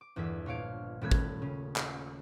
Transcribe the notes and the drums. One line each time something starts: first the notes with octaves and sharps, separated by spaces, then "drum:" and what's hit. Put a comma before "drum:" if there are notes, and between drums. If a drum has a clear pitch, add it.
D6
G1 E2 E3 E5 B6
A#1 C#5 F5 D7
D#1 G3 A3 B5 F#6 G#6
drum: kick
C#3 C#4
drum: clap